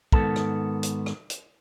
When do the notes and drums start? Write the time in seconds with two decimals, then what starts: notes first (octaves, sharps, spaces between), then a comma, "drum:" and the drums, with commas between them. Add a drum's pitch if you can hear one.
0.12 G#2 D#3 B3 A4 A5, drum: kick
0.36 drum: rim click
0.83 drum: hi-hat
1.06 drum: rim click
1.30 drum: hi-hat